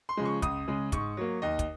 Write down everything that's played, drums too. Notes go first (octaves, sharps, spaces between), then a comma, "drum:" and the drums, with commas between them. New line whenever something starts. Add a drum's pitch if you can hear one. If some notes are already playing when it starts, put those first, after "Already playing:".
C6
C#3 F3 G#3
C#6
C#2 D#6, drum: kick, hi-hat
C#3 G#3
G#2 C#6, drum: kick, hi-hat
F#3 A#3
D#2 D#5
drum: kick, hi-hat